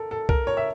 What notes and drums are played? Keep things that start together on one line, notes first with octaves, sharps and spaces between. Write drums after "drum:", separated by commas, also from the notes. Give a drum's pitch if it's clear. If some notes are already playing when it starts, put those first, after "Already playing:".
Already playing: A4 A#4
A4
A#4, drum: kick
C#5
E5